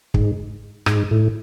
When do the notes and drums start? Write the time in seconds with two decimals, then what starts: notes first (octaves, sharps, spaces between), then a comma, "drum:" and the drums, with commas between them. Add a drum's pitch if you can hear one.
0.14 G#2, drum: kick
0.86 G#2, drum: rim click
1.11 A2